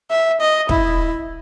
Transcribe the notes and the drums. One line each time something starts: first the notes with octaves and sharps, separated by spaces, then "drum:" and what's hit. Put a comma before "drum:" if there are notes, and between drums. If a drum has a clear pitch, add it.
E5
D#5
E4, drum: kick